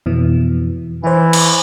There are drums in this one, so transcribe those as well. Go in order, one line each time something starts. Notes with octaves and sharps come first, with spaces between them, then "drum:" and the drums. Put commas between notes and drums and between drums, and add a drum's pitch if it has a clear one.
F2 B2 E3
E3 E4 C5
drum: cymbal